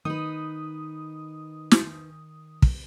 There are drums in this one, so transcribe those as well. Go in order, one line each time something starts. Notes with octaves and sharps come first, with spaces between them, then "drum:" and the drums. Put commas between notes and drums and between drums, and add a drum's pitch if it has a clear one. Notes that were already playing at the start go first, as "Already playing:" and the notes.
D#3 D#4 B4 D#6
drum: snare
drum: kick